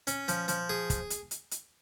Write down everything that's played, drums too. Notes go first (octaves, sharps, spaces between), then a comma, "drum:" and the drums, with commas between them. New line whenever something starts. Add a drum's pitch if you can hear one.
C#4, drum: hi-hat
F3, drum: hi-hat
F3, drum: hi-hat
G#4
drum: kick, hi-hat
drum: hi-hat
drum: hi-hat
drum: hi-hat